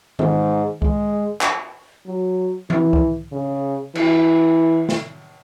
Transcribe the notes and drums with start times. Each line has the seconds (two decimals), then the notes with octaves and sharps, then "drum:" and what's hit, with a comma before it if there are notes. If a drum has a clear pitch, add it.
0.19 G#2, drum: tom D#3
0.82 G#3, drum: kick C2
1.41 drum: clap
2.06 F#3
2.70 E3, drum: tom E3
2.93 drum: kick C2
3.32 C#3
3.95 E3, drum: cymbal
4.89 drum: snare